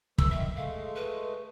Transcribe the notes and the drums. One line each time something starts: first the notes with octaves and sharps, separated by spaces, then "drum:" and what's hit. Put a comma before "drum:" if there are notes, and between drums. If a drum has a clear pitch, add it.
E3 A3 E6, drum: kick
D#3 E5
G#3 A3 F5
B4